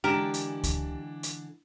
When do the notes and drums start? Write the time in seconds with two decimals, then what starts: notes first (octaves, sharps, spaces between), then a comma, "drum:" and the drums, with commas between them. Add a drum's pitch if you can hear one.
0.04 D3 E3 G#3 D4 G4 A#4 A#5 E7
0.34 drum: hi-hat
0.64 drum: kick C#2, hi-hat
1.23 drum: hi-hat